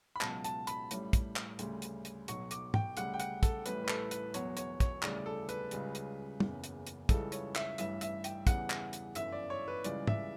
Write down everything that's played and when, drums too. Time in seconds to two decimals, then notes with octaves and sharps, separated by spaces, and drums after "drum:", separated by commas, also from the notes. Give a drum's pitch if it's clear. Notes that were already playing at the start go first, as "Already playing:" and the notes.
0.16 B5
0.21 C#2 B2 F#3 A5, drum: clap
0.44 A5, drum: hi-hat
0.67 B5, drum: hi-hat
0.91 A1 A2 G3, drum: hi-hat
1.13 drum: kick, hi-hat
1.36 drum: clap
1.59 D2 C#3 G3, drum: hi-hat
1.82 drum: hi-hat
2.05 drum: hi-hat
2.28 B1 B2 F#3 C#6, drum: hi-hat
2.51 D6, drum: hi-hat
2.74 G5, drum: tom
2.97 D2 C#3 G3 F#5, drum: hi-hat
3.14 G5
3.20 F#5, drum: hi-hat
3.43 A4, drum: kick, hi-hat
3.66 A1 A2 E3 G3 B4, drum: hi-hat
3.84 B4
3.88 A4, drum: clap
4.11 B4, drum: hi-hat
4.34 E1 E2 B2 F#3 C#5, drum: hi-hat
4.57 C#5, drum: hi-hat
4.80 C#5, drum: kick, hi-hat
5.03 D2 C#3 E3 G3 D5, drum: clap
5.26 A4
5.49 B4, drum: hi-hat
5.71 C#2 C#3 G3, drum: hi-hat
5.95 drum: hi-hat
6.40 F#1 E2 C#3, drum: tom
6.64 drum: hi-hat
6.87 drum: hi-hat
7.09 C#2 C#3 E3 G3 A4, drum: kick, hi-hat
7.32 C#5, drum: hi-hat
7.56 E5, drum: clap
7.78 A1 G2 E3 G3 E5, drum: hi-hat
8.01 E5, drum: hi-hat
8.24 G5, drum: hi-hat
8.47 E2 C#3 E3 G3 F#5, drum: kick, hi-hat
8.70 drum: clap
8.93 drum: hi-hat
9.15 G1 F#2 E3 E5, drum: hi-hat
9.32 D5
9.50 C#5
9.68 B4
9.84 C#2 C#3 E3 G3 D5, drum: hi-hat
10.07 E5, drum: tom